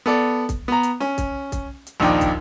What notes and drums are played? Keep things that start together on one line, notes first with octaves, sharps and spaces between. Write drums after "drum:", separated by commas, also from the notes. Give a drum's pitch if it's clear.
B3 A4 D5
drum: kick, hi-hat
B3 A#5
drum: hi-hat
C#4, drum: snare
drum: kick, hi-hat
drum: kick, hi-hat
drum: hi-hat
A#1 D#2 D4 D#4 G5 D6
drum: kick, hi-hat